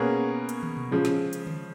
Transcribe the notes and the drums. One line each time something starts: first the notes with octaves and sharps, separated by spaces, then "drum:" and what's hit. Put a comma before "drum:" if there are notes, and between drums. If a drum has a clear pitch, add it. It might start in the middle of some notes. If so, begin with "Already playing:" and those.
Already playing: B2 A#3 C#4 G#4 B4
drum: hi-hat
drum: tom
drum: tom B2
C#3 F3 G#3
drum: snare
drum: hi-hat
drum: tom D3